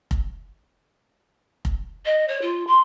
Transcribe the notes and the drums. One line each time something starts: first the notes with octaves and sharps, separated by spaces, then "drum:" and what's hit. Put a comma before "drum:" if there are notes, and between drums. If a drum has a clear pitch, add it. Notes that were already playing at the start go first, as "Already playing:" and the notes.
drum: kick F1
drum: kick F1
D#5
C#5
F4
C6